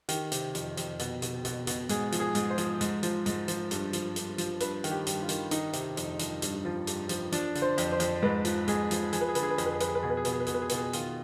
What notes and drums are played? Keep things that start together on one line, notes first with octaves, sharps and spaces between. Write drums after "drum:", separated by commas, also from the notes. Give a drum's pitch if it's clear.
D#3 G4, drum: hi-hat
C3, drum: hi-hat
F2, drum: hi-hat
F2, drum: hi-hat
B2, drum: hi-hat
B2, drum: hi-hat
B2, drum: hi-hat
B2, drum: hi-hat
G#2 G#4, drum: hi-hat
F3, drum: hi-hat
G#4
G#2, drum: hi-hat
C5
F3, drum: hi-hat
G#2, drum: hi-hat
F3, drum: hi-hat
G#2, drum: hi-hat
F3, drum: hi-hat
G2, drum: hi-hat
F3, drum: hi-hat
G2, drum: hi-hat
F3, drum: hi-hat
G2 B4, drum: hi-hat
D#3, drum: hi-hat
G4
G2, drum: hi-hat
F4
D#3, drum: hi-hat
D#3 D#4, drum: hi-hat
C3, drum: hi-hat
F2, drum: hi-hat
F2, drum: hi-hat
G2, drum: hi-hat
F3
G2, drum: hi-hat
F3, drum: hi-hat
F3 D4, drum: hi-hat
D3, drum: hi-hat
C5
F2, drum: hi-hat
C5
F2, drum: hi-hat
G#2 B4
F3, drum: hi-hat
G#2 G#4, drum: hi-hat
F3, drum: hi-hat
F3 G#4, drum: hi-hat
B4
G#4
D3 B4, drum: hi-hat
G#4
B4
F2 G#4, drum: hi-hat
B4
G#4
F2 B4, drum: hi-hat
G#4
B4
B2 G#4
B4
G#4
B2 B4, drum: hi-hat
G#4
B4
B2 G#4, drum: hi-hat
B4
G#4
B2 B4, drum: hi-hat
G#4
D#3 F4, drum: hi-hat